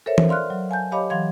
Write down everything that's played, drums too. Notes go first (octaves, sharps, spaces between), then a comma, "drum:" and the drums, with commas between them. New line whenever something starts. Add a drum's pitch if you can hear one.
A4 A#4 C5 C#5 E5
drum: tom E3
D5 F5 C6 F6 F#6
F#3
F5 G#5 A5 G6
G4 C#5 D#5 F5 B5 D6
E3 F#3 F5 C6 G#6